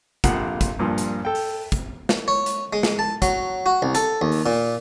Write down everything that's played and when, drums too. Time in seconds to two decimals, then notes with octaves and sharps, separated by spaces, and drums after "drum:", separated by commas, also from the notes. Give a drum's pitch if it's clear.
0.24 A#1 F2 C3 F4 F#5, drum: kick, hi-hat
0.61 drum: kick, hi-hat
0.79 G2 A#2 F3
0.98 drum: hi-hat
1.25 A4 G5
1.35 drum: open hi-hat
1.72 drum: kick, hi-hat
2.09 drum: snare
2.28 C#5
2.46 drum: hi-hat
2.73 G#3
2.83 drum: snare
2.99 A5
3.22 F#3, drum: kick, hi-hat
3.66 F#4
3.82 C2
3.95 A4, drum: hi-hat
4.21 D#2
4.32 drum: open hi-hat
4.46 A#2